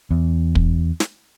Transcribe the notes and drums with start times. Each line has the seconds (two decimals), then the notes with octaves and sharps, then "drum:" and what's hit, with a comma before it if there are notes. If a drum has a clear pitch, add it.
0.11 E2
0.55 drum: kick
1.00 drum: snare